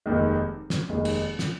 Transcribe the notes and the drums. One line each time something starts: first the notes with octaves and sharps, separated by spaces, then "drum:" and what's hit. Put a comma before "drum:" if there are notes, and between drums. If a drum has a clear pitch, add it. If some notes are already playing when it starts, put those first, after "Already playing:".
F1 D#2 D#3 G#3
drum: snare
F1 D#2 D#3 G#3
drum: cymbal
drum: snare